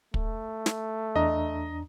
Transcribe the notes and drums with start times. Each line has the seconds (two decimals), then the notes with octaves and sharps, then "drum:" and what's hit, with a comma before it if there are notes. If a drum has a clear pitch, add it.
0.14 A3, drum: kick
0.66 drum: snare
1.16 E2 D4 D#5 A#5